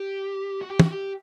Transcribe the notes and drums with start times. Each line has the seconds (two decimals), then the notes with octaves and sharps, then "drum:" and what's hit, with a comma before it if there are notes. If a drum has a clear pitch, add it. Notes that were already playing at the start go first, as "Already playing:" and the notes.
Already playing: G4
0.62 F#4
0.69 G4
0.80 F#4, drum: tom
0.91 G4